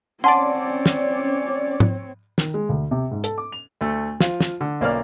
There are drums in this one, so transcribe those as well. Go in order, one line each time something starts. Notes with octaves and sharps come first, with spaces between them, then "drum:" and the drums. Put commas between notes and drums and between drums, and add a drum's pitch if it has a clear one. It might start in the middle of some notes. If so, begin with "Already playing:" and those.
C4 C#4 C#5 D5 F#5 A5 C6
drum: snare
drum: tom G#2
D#3, drum: snare
G#3
D2
C3
G#2
A4, drum: hi-hat
D6
F7
D2 A3
F3 F4, drum: snare
drum: snare
D3
B1 A#3 C#4 D5 F6